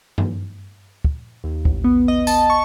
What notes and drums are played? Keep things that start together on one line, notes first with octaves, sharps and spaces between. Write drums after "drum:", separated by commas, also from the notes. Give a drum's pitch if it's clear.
drum: tom G2
drum: kick
D#2
A1, drum: kick
B3
D#5
A5, drum: tambourine
C#6